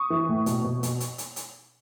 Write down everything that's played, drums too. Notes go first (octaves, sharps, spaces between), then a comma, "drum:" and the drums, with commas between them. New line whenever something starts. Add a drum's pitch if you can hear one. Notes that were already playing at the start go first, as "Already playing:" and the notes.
Already playing: C#6 D#6
E3
A2
B2, drum: hi-hat
B2
B2, drum: hi-hat
drum: hi-hat
drum: hi-hat
drum: hi-hat